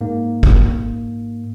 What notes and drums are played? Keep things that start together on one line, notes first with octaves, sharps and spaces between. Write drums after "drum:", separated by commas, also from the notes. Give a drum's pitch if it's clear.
G#2 A#3
drum: kick